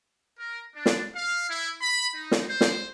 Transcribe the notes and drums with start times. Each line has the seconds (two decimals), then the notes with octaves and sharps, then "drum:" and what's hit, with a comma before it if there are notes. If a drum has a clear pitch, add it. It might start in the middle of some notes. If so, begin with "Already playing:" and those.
0.39 A#4
0.76 D4
0.86 drum: snare
1.15 F5
1.50 E4
1.82 B5
2.14 D#4
2.31 drum: snare
2.48 C5
2.61 drum: snare